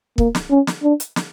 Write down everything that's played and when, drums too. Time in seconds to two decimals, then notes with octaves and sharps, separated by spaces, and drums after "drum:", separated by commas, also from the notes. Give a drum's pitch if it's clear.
0.18 A#3, drum: kick
0.35 drum: snare
0.51 C#4
0.67 drum: snare
0.83 D4
1.00 drum: hi-hat
1.16 drum: snare